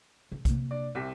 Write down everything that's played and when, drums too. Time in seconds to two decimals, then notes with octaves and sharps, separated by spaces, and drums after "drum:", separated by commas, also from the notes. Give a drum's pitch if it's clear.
0.32 C#3
0.45 C3 A#3, drum: kick, hi-hat
0.71 D4 D5
0.95 C2 C3 B6